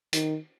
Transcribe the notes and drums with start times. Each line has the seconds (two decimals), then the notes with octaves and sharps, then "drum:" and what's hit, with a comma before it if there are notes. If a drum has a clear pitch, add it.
0.13 D#3, drum: hi-hat